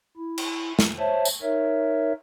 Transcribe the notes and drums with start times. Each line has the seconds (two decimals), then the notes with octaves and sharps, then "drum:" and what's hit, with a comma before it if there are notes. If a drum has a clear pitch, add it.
0.17 E4
0.38 drum: cymbal
0.79 drum: snare
0.98 C5 C#5 E5 A5
1.25 drum: tambourine
1.42 D#4 A#4 C#5 E5